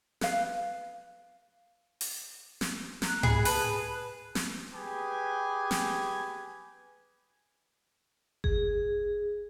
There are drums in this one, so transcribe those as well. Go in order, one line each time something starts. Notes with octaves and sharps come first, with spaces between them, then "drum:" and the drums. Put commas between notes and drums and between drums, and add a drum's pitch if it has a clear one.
B4 F5, drum: snare
drum: open hi-hat
drum: snare
A#5 F#6, drum: snare
G#4 B5, drum: tom G#2
G#4 B4 A5 B5, drum: open hi-hat
drum: snare
G4 G#4 B4 G#5
drum: snare
G#4, drum: kick G1